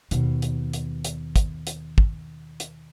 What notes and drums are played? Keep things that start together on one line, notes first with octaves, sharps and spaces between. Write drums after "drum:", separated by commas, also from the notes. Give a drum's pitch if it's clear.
D#2 B2, drum: hi-hat
drum: hi-hat
drum: hi-hat
drum: hi-hat
drum: kick, hi-hat
drum: hi-hat
drum: kick
drum: hi-hat